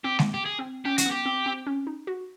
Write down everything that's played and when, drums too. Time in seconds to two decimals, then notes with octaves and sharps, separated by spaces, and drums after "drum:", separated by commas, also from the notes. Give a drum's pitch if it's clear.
0.04 C4 G4
0.19 drum: snare G#3
0.34 G4
0.45 G#4
0.59 C4
0.85 C#4 G4
0.98 F#4, drum: hi-hat
1.06 B3
1.11 G4
1.26 C4
1.46 C4
1.67 C#4
1.87 D#4
2.07 F#4